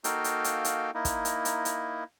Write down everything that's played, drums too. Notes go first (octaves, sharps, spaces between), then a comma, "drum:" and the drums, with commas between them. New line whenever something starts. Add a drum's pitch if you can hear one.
A#3 D#4 F#4 A4 F5 G5, drum: hi-hat
drum: hi-hat
drum: hi-hat
drum: hi-hat
A#3 D#4 E4
drum: kick, hi-hat
drum: hi-hat
drum: hi-hat
drum: hi-hat